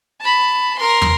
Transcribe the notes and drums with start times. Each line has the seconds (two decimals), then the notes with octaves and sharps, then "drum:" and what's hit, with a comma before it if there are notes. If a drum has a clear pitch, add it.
0.20 A5 B5
0.78 A#4 C6
1.01 drum: tom